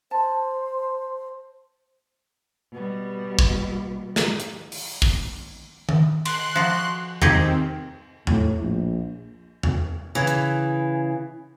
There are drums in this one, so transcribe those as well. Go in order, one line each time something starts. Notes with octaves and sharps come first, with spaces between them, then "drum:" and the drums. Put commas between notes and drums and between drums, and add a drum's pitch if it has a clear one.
C5 A5
B2 G3
drum: kick
drum: snare
drum: hi-hat
drum: open hi-hat
drum: kick
drum: tom D#3
C6 F#6, drum: cymbal
F3 F#4
D#3 C4 G4 G#4 D#5, drum: tom E2
A2, drum: tom E2
A#1
drum: tom E2
C#3 E3
drum: hi-hat